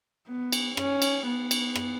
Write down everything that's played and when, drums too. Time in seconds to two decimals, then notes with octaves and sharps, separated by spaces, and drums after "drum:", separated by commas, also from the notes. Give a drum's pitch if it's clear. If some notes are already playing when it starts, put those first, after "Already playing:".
0.28 B3
0.52 drum: cymbal
0.77 C#4, drum: rim click
1.02 drum: cymbal
1.27 B3
1.51 drum: cymbal
1.76 drum: rim click